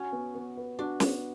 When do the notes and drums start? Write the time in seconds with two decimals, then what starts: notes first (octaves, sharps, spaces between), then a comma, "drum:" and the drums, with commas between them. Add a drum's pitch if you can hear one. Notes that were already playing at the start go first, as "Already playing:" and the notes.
Already playing: C#4 F#4
0.12 B3
0.35 B3
0.57 B4
0.79 D4 F#4
1.00 B3, drum: snare